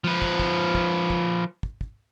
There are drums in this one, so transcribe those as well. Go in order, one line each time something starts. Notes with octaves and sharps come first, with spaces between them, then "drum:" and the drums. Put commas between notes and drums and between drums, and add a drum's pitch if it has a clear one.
F3 B4
drum: kick
drum: kick
drum: kick
drum: kick
drum: kick
drum: kick